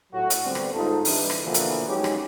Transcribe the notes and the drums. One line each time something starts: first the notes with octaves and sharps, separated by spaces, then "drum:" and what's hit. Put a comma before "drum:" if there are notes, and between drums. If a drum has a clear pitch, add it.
A2 F#3 F#4
drum: hi-hat
D3 G3 A3 B3 C4 D4
drum: rim click
C#2 G#2 D#4 F4 A4
E3 G3 D4, drum: open hi-hat
drum: rim click
B2 D3 E3 F3 A#3 B3
drum: hi-hat
F#3 G#3 C#4 D#4 G4
drum: rim click